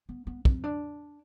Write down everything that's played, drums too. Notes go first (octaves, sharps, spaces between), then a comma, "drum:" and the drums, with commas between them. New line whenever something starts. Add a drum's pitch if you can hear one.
B3
B3
C4, drum: kick
D4